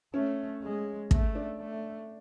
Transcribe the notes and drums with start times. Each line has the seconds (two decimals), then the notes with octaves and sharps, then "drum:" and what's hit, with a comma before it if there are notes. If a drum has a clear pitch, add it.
0.13 A3 C#4
0.63 G#3
1.11 A3, drum: kick
1.35 D4
1.60 A3